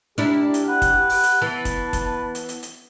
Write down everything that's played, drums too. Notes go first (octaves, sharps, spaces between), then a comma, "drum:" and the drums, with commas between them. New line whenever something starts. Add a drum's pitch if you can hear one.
D4 E4 G4 A#4 D5 A5
drum: hi-hat
B4 F#5
drum: kick, hi-hat
drum: open hi-hat
drum: hi-hat
E3 B3 A5
drum: kick, hi-hat
drum: kick, hi-hat
drum: hi-hat
drum: hi-hat
drum: hi-hat